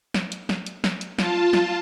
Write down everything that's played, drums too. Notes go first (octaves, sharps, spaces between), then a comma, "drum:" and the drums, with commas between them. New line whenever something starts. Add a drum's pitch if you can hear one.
drum: snare
drum: hi-hat
drum: snare
drum: hi-hat
drum: snare
drum: hi-hat
F4 A5, drum: snare
drum: snare